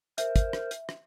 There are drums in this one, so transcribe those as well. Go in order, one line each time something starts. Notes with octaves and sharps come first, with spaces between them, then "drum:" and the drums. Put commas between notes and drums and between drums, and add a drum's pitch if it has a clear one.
A#4 C5 E5, drum: hi-hat
drum: kick, hi-hat
drum: rim click
drum: hi-hat
drum: rim click